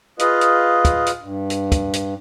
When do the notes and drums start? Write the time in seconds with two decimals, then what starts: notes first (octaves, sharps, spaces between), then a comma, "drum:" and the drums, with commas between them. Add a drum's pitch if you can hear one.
0.19 F4 G#4 B4 D#5 F5, drum: hi-hat
0.41 drum: hi-hat
0.85 drum: kick, hi-hat
1.06 drum: hi-hat
1.22 G2
1.50 drum: hi-hat
1.72 drum: kick, hi-hat
1.93 drum: hi-hat